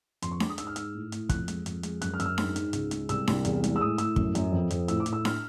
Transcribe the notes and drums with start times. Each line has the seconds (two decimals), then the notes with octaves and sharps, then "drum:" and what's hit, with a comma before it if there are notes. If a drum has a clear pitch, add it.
0.22 F2 C6, drum: hi-hat
0.31 C#6
0.40 G#3 D6, drum: snare D4
0.49 D#6
0.58 G#2 E6, drum: hi-hat
0.67 F6
0.76 G#2 E6, drum: hi-hat
0.94 A2
1.12 A2, drum: hi-hat
1.29 F2 F#6, drum: kick, hi-hat
1.48 G#3, drum: hi-hat
1.66 F2, drum: hi-hat
1.83 G#3, drum: hi-hat
2.02 F#2 F#6, drum: hi-hat
2.14 F6
2.20 F#2 E6, drum: hi-hat
2.26 F6
2.38 G#2, drum: snare D4
2.56 G#2, drum: hi-hat
2.73 C#2, drum: hi-hat
2.91 G#3, drum: hi-hat
3.09 C2 E6, drum: hi-hat
3.27 C2, drum: snare D4
3.45 E2, drum: hi-hat
3.64 G#3, drum: hi-hat
3.76 E6
3.81 A2 D#6
3.98 A2 E6, drum: hi-hat
4.16 F#2, drum: kick
4.35 F#2, drum: hi-hat
4.52 F2
4.71 F2, drum: hi-hat
4.88 A2 E6, drum: hi-hat
5.00 D6
5.06 A2, drum: hi-hat
5.13 E6
5.25 F6, drum: snare D4